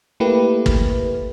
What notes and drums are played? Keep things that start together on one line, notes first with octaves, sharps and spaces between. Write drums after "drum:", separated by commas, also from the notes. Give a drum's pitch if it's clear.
A3 A#3 E4 G4 B4
drum: kick